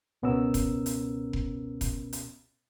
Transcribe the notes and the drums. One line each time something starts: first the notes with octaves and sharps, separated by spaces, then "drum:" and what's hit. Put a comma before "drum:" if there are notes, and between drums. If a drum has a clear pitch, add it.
C#2 B2 B3 C#4 A#4 E6
drum: kick F1, hi-hat
drum: hi-hat
drum: kick F1
drum: kick F1, hi-hat
drum: hi-hat